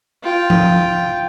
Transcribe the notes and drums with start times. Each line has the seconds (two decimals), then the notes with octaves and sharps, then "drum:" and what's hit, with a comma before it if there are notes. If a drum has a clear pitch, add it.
0.23 F4 G5
0.50 drum: tom F3